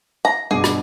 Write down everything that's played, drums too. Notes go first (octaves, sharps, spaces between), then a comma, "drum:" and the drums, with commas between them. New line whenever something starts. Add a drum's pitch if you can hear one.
A#5
G2 B2 G#4 D6
drum: rim click